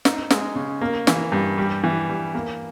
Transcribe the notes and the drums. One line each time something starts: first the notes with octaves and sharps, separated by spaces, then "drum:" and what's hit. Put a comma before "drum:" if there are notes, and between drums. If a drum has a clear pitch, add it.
D#4, drum: snare
G#3, drum: snare
C#3
A#3
E3, drum: snare
G2
G3
E3
G2
A#3